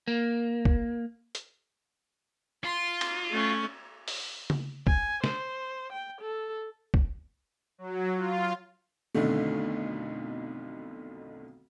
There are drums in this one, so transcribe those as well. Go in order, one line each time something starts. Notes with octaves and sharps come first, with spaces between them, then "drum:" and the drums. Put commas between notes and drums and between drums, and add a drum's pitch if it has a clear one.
A#3
drum: kick
drum: hi-hat
F4 C6
drum: cymbal
A3 C#4
drum: open hi-hat
drum: tom C#3
G#5, drum: kick
C5, drum: snare
G5
A4
drum: kick
F#3
F4
B1 F2 D3 D#3 A3